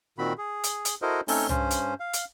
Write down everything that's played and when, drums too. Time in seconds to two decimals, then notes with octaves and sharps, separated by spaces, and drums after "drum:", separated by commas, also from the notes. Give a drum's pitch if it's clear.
0.18 A#2 D#3 C4 F#4 B5
0.38 G#4
0.64 drum: hi-hat
0.85 drum: hi-hat
1.02 E4 F#4 A4 A#4 C5 D#5
1.28 A3 C4 C#4 D#4 A4 C#5, drum: open hi-hat
1.49 G2 C#4 C5, drum: tom C2
1.71 drum: hi-hat
2.00 F5
2.13 drum: hi-hat